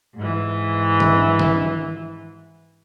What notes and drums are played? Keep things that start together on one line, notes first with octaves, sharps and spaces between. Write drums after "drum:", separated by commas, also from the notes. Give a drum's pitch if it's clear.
G#2 E3
drum: tom D#3
drum: tom D#3